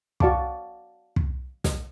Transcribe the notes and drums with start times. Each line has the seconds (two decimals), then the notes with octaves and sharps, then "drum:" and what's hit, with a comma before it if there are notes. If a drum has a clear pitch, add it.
0.20 F#4 D5 F5 A5 C#6 D6, drum: kick
1.16 drum: kick
1.64 drum: snare